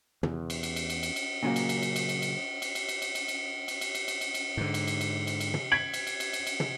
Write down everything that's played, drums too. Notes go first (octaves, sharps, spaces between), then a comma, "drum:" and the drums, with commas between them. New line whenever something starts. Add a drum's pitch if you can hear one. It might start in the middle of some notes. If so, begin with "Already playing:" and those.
E2, drum: tom
drum: cymbal
drum: cymbal
drum: cymbal
drum: cymbal
drum: cymbal
drum: cymbal
A#2 C#3 F#3 A#3
drum: cymbal
drum: cymbal
drum: cymbal
drum: cymbal
drum: cymbal
drum: cymbal
drum: cymbal
drum: cymbal
drum: cymbal
drum: cymbal
drum: cymbal
drum: cymbal
drum: cymbal
drum: cymbal
drum: cymbal
drum: cymbal
drum: cymbal
drum: cymbal
G#2 D3
drum: cymbal
drum: cymbal
drum: cymbal
drum: cymbal
drum: cymbal
drum: tom
G#6 B6 D7 F#7
drum: cymbal
drum: cymbal
drum: cymbal
drum: cymbal
drum: cymbal
drum: tom